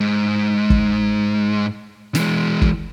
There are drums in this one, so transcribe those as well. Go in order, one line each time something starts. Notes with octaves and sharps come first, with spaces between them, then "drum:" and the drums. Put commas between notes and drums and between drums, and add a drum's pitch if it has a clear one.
G#2
drum: kick
E3 G#3, drum: snare
drum: kick